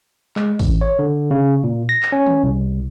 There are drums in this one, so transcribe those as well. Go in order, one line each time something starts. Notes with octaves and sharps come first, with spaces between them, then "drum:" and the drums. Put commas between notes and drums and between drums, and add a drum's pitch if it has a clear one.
G#3, drum: clap
A1, drum: kick, open hi-hat
C#5
D3
C#3
A#2
A#6
drum: clap
C#4
drum: tom D#3
C2